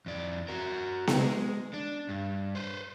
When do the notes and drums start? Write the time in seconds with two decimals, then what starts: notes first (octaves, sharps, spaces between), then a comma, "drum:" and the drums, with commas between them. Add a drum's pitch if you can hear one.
0.06 F2 D5
0.48 F#4 A#4
1.07 drum: snare B3
1.17 G#3
1.73 D4
2.09 G2
2.55 B4 C5